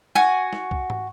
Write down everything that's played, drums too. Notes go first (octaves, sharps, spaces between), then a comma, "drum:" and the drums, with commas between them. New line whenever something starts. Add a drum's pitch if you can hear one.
F#4 G#5, drum: snare
drum: snare
drum: kick
drum: tom